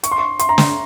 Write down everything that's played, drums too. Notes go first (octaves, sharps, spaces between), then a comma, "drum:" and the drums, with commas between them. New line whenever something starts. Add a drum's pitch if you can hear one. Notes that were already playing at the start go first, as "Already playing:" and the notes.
C#6, drum: hi-hat
C6
C#6
C6, drum: hi-hat
A#5
C6, drum: snare